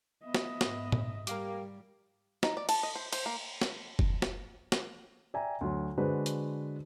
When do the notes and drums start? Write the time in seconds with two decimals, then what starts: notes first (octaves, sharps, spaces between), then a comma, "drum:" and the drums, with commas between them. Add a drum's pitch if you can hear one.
0.25 B3 D#5 E5
0.35 drum: snare
0.61 G#2, drum: snare
0.92 drum: tom A#2
1.27 G3 G4 A#4 F5 D6, drum: hi-hat
2.43 D#4, drum: snare
2.57 D5
2.69 A5, drum: cymbal
2.83 D#5
2.95 C5
3.13 C5, drum: cymbal
3.26 A#3
3.61 drum: snare
3.99 drum: kick
4.22 drum: snare
4.72 drum: snare
5.34 D5 E5 G5 G#5 A#5
5.61 D2 F#3
5.98 D3 G#3 D4 F#4 B4 C5
6.26 drum: hi-hat